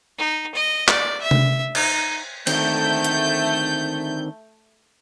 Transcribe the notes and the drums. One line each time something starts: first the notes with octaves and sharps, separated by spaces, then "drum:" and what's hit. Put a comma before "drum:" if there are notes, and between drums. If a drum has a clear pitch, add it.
D#4
D#5
D5, drum: clap
E5
drum: tom C3
D#4, drum: cymbal
D3 D#3 A3 C4 G6, drum: cymbal
drum: hi-hat